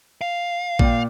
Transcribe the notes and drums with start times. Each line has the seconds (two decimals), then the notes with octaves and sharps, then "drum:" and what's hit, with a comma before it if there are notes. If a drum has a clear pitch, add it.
0.21 F5
0.79 A#2 G5, drum: kick A1